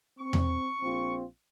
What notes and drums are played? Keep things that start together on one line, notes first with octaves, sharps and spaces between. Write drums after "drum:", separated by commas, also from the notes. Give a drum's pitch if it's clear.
C4 C#6
drum: tom E2
A#1 C4 F4